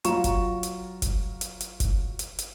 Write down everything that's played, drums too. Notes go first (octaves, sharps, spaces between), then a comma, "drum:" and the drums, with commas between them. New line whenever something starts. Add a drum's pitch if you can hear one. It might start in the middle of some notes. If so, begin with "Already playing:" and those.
F#3 F4 A#5 C#6 E7, drum: hi-hat
drum: kick F#1, hi-hat
drum: hi-hat
drum: kick F#1, hi-hat
drum: hi-hat
drum: hi-hat
drum: kick F#1, hi-hat
drum: hi-hat
drum: hi-hat